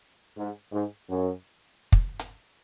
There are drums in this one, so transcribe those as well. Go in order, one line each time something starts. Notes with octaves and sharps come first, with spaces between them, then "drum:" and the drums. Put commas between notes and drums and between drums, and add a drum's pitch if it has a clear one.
G#2
G#2
F#2
drum: kick
drum: hi-hat